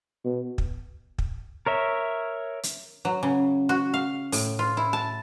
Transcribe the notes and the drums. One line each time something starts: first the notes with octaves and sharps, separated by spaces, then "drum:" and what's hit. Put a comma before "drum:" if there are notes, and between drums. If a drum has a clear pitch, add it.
B2
drum: kick
drum: kick
A#4 C#5 E5
drum: hi-hat
F#3
C#3
F#4
F5
A2, drum: open hi-hat
F4
E4
A5